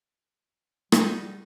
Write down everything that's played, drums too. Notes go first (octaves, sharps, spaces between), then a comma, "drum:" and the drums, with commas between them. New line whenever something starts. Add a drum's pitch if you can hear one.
G3 D#4 F#4 G#4, drum: rim click